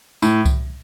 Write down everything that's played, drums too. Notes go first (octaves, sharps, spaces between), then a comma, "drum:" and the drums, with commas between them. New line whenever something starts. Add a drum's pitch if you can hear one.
A2, drum: tambourine
drum: kick C2, tambourine